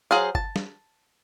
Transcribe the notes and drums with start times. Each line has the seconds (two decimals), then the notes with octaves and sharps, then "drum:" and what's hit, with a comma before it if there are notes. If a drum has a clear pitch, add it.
0.11 F#3 G#4 C5 F5
0.35 A5, drum: kick G1
0.56 drum: snare